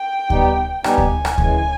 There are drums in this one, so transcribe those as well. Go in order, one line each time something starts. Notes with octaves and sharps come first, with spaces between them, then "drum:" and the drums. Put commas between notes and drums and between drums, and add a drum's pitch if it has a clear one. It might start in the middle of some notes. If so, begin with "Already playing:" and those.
Already playing: G5
G3 B3 D#4 G4, drum: kick D2
G3 B3 D#4 G4 G#5, drum: rim click
drum: kick D2
drum: rim click
C#3 E3 G#3, drum: kick D2